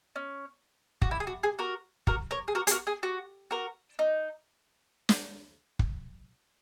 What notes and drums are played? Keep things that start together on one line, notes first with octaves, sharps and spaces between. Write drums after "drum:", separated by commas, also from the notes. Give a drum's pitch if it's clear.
C#4
F#4, drum: kick
E4
G#4
F#4
G#4
F#4 A#4
F#4 A#4, drum: kick
A#4 C#5
G#4
F#4 A#4
G#4, drum: hi-hat
F#4 A#4
G#4
F#4
F#4 A#4
D#4
drum: snare
drum: kick